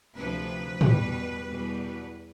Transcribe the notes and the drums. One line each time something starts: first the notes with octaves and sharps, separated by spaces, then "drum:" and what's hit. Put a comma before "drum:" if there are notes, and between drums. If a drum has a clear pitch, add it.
D2 C3 F3 B4
E2 B2 G3, drum: tom
E2 B2 G3